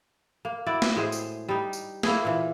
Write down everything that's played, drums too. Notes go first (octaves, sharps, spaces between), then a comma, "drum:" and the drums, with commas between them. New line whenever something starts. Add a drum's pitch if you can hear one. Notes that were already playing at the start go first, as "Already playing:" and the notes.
A#3
E4 F#4 D5
drum: snare
A2 G#3 G#4 C5
drum: tambourine
G3 D#4
drum: tambourine
A#3 E4 G#4, drum: snare
A#2 E3